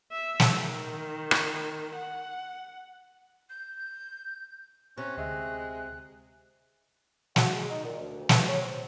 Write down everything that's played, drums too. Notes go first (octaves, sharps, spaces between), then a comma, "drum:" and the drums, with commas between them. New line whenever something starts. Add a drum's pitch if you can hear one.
E5
drum: snare
D#3
drum: rim click
F#5
G6
C3 C#4 F#6
D2 G#3 D#5 E5
F#4, drum: snare
G#3
D#4
A#2
D2
B2, drum: snare
C#5
C4